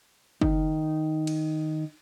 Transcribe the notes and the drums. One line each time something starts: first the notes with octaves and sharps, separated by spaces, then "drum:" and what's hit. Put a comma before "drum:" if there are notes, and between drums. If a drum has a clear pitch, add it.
D#3 D#4, drum: kick F#1
drum: cymbal